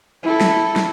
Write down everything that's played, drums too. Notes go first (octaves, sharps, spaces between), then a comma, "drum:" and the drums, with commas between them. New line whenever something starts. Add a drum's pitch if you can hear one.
E4 A4
drum: snare
drum: snare